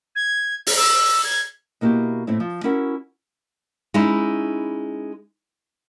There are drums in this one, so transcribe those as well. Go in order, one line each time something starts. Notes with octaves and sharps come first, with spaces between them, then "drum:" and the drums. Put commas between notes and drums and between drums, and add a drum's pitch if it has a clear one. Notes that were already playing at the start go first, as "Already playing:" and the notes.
G#6
drum: open hi-hat
E6
G#6
B2 A#3 E4 F#4 G4
A2 A3 C4 E4
F3
C#4 E4 F#4 A#4 F#5
G#3 C#4 D#4 E4